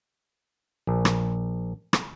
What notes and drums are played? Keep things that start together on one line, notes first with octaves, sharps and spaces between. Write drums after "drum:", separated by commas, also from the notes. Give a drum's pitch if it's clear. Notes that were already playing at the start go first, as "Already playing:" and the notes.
A#1
drum: rim click
drum: rim click